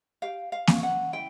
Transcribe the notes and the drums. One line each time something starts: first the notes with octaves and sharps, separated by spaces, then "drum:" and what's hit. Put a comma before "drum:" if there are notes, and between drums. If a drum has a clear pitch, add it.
G4 F5
F5
C#4, drum: snare A#3
F#5
E4 G5